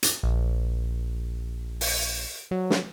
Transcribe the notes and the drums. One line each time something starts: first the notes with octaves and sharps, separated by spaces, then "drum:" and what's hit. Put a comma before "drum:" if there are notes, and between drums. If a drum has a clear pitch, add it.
drum: hi-hat
A#1
drum: open hi-hat
F#3
drum: snare